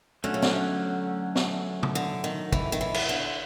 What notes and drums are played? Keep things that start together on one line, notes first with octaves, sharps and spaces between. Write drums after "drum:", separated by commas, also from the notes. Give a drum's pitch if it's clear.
D3 F#3 A3 C#4
C#3
D3, drum: snare
drum: snare
drum: tom
D3
D#3
E3, drum: kick
D#3
E3
drum: cymbal
D3